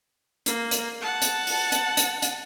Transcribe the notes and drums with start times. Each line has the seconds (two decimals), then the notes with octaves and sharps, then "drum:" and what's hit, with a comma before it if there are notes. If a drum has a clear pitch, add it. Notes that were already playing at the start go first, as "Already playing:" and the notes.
0.46 A#3, drum: hi-hat
0.71 drum: hi-hat
1.01 F#5 A5
1.22 drum: hi-hat
1.47 drum: open hi-hat
1.72 drum: hi-hat
1.97 drum: hi-hat
2.22 drum: hi-hat